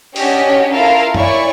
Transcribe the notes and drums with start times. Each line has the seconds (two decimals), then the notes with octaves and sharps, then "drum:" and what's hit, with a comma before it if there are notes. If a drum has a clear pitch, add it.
0.16 C#4 D4 F#4 G4 C#5 D#5, drum: open hi-hat
0.71 E4 F4 A4 A#4 F5
1.14 E4 C#5 D5 G#5 C#6, drum: tom F#2